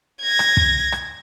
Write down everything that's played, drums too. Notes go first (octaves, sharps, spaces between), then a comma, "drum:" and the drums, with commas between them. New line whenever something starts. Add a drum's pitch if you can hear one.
G#6 A#6
drum: rim click
drum: kick
drum: rim click